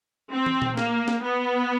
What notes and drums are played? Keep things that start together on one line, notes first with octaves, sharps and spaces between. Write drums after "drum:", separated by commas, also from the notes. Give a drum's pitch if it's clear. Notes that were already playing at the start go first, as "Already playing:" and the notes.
C4
drum: tom
drum: tom A#2
A#3, drum: snare
drum: snare
B3